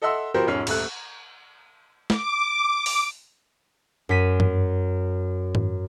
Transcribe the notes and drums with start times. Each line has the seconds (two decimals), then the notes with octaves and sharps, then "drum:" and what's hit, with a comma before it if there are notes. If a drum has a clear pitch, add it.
0.02 A4 D#5 E5 F#5 C6 E6
0.34 F3 B3 F#4 G4 A#4 C5
0.47 E1 G#2 F3 C#4 F6 C7
0.67 D#1 A3 F#6, drum: cymbal
2.10 D6, drum: snare
2.86 drum: open hi-hat
4.09 F#2 B6 D#7
4.40 drum: tom G2
5.55 drum: tom G#2